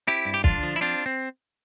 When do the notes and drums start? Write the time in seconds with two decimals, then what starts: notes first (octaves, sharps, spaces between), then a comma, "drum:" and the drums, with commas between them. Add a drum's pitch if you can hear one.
0.07 C4 E4 G4
0.25 G2
0.34 G4
0.44 D3 D4 F4, drum: kick
0.63 F3
0.76 E4
0.81 C4 D4 F4
1.06 C4